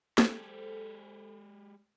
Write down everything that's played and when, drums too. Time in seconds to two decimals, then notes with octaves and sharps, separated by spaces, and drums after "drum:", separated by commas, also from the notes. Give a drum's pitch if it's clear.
0.18 G#3 G4 A4 C5 G#5, drum: snare